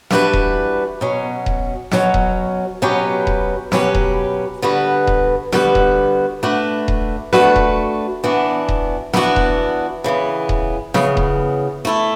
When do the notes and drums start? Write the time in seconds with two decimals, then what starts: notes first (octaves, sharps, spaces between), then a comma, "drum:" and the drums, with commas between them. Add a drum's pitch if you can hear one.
0.10 E3 G3 D4 F#4 B4, drum: snare
0.33 drum: kick D#1
1.01 B2 F#3 C#4
1.46 drum: kick D#1
1.91 B2 F#3 C#4, drum: snare
2.14 drum: kick D#1
2.82 B2 F#3 C#4 G4 B4
3.27 drum: kick D#1
3.72 B2 F#3 C#4 G4 B4, drum: snare
3.95 drum: kick D#1
4.62 D3 G3 B3 F#4 B4
5.07 drum: kick D#1
5.52 D3 G3 B3 F#4 B4, drum: snare
5.75 drum: kick D#1
6.43 A3 D4 F#4 B4
6.88 drum: kick D#1
7.33 A3 D4 F#4 B4, drum: snare
7.56 drum: kick D#1
8.24 E3 B3 D4 F#4
8.69 drum: kick D#1
9.13 E3 B3 D4 F#4, drum: snare
9.36 drum: kick D#1
10.04 C#3 E3 B3
10.49 drum: kick D#1
10.94 C#3 E3 B3, drum: snare
11.17 drum: kick D#1
11.85 A3 E4 A4